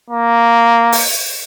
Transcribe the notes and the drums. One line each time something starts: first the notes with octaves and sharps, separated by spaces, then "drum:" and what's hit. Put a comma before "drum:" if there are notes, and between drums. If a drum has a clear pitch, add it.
A#3
drum: open hi-hat